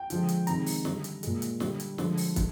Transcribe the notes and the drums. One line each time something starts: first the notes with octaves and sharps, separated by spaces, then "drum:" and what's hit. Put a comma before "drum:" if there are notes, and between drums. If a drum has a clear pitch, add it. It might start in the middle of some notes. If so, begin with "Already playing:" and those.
Already playing: G5
D3 F3 G#3, drum: hi-hat
drum: hi-hat
C3 D#3 G#3 A#5, drum: hi-hat
drum: open hi-hat
D3 G3, drum: snare
drum: hi-hat
A#2 G#3, drum: hi-hat
drum: hi-hat
D3 G3, drum: snare
drum: hi-hat
D3 F3 G#3, drum: snare
drum: open hi-hat
D3, drum: kick, hi-hat